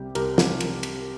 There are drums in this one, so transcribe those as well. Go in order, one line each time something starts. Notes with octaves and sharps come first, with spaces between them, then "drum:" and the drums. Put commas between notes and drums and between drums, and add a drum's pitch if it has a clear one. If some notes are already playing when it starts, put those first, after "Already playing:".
Already playing: C2 C3 G3 G4
C2 G4 A#4, drum: cymbal
drum: snare
drum: cymbal
drum: cymbal